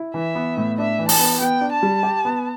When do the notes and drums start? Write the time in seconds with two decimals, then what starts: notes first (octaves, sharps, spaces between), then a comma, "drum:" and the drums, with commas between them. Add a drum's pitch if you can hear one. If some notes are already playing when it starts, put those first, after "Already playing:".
Already playing: E4
0.14 E3 E5
0.35 B3
0.57 A2
0.78 D4 E5
0.99 E3
1.09 A5, drum: open hi-hat
1.19 B3
1.40 B3 G5
1.61 D4
1.72 A5
1.83 G3
2.03 G4
2.25 B3